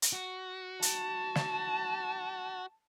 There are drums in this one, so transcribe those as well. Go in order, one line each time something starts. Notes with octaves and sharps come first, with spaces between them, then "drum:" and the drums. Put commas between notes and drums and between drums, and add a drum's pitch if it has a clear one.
drum: hi-hat
F#4
A5, drum: hi-hat
drum: snare